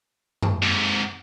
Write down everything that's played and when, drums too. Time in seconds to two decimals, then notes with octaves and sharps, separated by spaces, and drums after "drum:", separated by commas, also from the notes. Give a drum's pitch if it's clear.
0.42 drum: tom F#2
0.63 G#2 C3